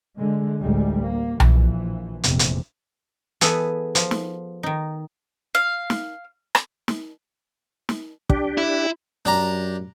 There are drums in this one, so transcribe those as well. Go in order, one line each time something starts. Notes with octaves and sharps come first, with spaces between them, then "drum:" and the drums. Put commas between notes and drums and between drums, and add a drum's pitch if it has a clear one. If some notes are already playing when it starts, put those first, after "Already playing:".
D3 G#3
A1 D2 G3 G#3
A#3
A#1 E3 F3, drum: tom B1
F1 A#1 E2 C3, drum: hi-hat
drum: hi-hat
E3 B3 G#4 A4, drum: hi-hat
F3, drum: hi-hat
drum: snare
D#3 D#4
F5
drum: snare
drum: rim click
drum: snare
drum: snare
D4 G4, drum: kick
E4
F#2 D4 G4 A#5